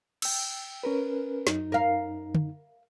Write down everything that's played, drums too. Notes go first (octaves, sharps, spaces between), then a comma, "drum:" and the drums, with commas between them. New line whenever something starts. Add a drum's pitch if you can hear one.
G5 E6, drum: cymbal
C#4 A#4 B4
F#2 D#4, drum: snare
A#4 F5
drum: tom D3